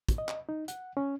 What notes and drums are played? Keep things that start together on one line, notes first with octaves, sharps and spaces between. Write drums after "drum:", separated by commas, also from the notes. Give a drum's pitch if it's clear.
drum: kick, hi-hat
D#5
drum: clap
D#4
F#5, drum: hi-hat
C#4